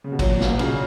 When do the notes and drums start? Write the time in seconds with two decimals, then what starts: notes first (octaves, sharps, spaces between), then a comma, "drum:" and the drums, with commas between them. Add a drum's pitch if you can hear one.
0.04 C#3
0.12 B2
0.19 A#2 F#3, drum: kick, cymbal
0.40 B2, drum: snare
0.59 A#2 C#3, drum: cymbal